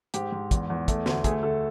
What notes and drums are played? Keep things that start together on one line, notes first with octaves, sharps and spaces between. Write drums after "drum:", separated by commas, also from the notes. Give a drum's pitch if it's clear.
G#2 G4, drum: hi-hat
G#2
E2, drum: kick, hi-hat
E2
A3, drum: kick, hi-hat
D2, drum: snare
A3 G#4, drum: kick, hi-hat
D2 A4